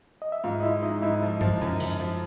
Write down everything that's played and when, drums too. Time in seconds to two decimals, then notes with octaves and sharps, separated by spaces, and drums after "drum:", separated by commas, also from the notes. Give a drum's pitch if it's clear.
0.22 D#5
0.32 E5
0.44 G#2 F4 F5
0.60 D#5
0.63 G#3 E4 E5
0.83 G#3 D#4 D#5
1.02 G#2 E4 E5
1.22 F3
1.41 F3, drum: tom G2
1.62 F#2
1.80 F#2, drum: open hi-hat
2.00 F3